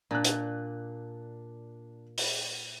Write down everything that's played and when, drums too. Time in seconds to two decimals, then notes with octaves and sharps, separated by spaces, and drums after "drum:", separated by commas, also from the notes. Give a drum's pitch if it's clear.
0.11 A#2 D4 F#6
0.24 drum: hi-hat
2.18 drum: open hi-hat